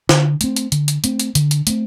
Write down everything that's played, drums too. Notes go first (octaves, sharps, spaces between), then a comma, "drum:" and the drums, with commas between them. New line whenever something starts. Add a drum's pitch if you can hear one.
D3, drum: snare
A3 C4, drum: hi-hat
drum: hi-hat
D3, drum: hi-hat
drum: hi-hat
A3 C4, drum: hi-hat
drum: hi-hat
D3, drum: hi-hat
drum: hi-hat
A3 C4, drum: hi-hat